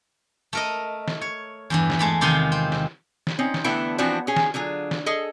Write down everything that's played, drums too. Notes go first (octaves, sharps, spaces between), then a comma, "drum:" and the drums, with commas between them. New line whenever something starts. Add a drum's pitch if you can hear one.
A3 A#4 D#5
drum: snare
C#5
E2 G2 E3
drum: snare
G#3 A3 B5
E2 C3 D#3 F4 G#5 C6
C4
drum: snare
drum: snare
C4 C#4 D#4
drum: snare
D3 E3 A3 B3 E4 G5
E3 F3 B3 C4 D4 F#4
C#4 G#4
drum: snare
D3 F#3 F4 G#4
drum: snare
G#4 A4 D#5